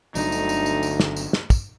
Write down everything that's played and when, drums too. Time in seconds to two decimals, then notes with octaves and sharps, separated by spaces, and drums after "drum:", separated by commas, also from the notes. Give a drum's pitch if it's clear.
0.15 G1 D2 D3 F#3 D#4, drum: tambourine
0.32 drum: tambourine
0.49 drum: tambourine
0.66 drum: tambourine
0.83 drum: tambourine
1.00 drum: snare
1.16 drum: tambourine
1.33 drum: snare
1.50 drum: kick, tambourine